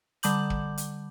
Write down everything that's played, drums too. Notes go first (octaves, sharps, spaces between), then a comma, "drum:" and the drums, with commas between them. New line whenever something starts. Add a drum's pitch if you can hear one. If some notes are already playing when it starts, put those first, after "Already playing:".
D3 G3 A5 D6 G6 F#7, drum: hi-hat
drum: kick
drum: hi-hat